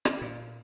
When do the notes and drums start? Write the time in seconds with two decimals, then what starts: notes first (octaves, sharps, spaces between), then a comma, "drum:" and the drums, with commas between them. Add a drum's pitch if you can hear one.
0.05 drum: rim click
0.21 A#2